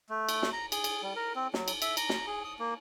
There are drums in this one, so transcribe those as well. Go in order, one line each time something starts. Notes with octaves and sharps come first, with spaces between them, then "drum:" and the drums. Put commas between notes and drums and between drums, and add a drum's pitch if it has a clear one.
A3
drum: cymbal
drum: snare
A#5
G#4, drum: cymbal
drum: cymbal
G3
A#4
C4
F#3, drum: snare
drum: cymbal
E5, drum: cymbal
A#5, drum: cymbal
drum: snare
G#4
D#6
A#3